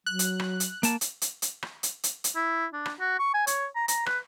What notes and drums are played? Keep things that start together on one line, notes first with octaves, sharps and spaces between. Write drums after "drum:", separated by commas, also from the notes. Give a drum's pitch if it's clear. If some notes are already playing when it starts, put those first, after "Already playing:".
F#3 F#6
drum: hi-hat
drum: rim click
drum: hi-hat
A#3 A5, drum: hi-hat
drum: hi-hat
drum: hi-hat
drum: hi-hat
drum: rim click
drum: hi-hat
drum: hi-hat
drum: hi-hat
E4
D4
drum: rim click
F#4
C#6
G#5
C#5, drum: hi-hat
A#5
A#5, drum: hi-hat
B4, drum: rim click